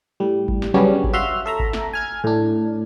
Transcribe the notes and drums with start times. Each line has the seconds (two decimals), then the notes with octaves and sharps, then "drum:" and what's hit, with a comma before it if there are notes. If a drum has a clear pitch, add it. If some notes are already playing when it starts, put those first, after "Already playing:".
0.20 A2 G3
0.48 drum: kick G#1
0.62 drum: snare
0.74 C#3 F#3 G3 B3 C#4 D4
1.04 drum: kick G#1
1.13 F#4 E5 F5 C6 F6
1.46 A4 E5 A#5
1.59 drum: kick G#1
1.73 drum: snare
1.93 G#5 F6 G#6
2.24 A2 D4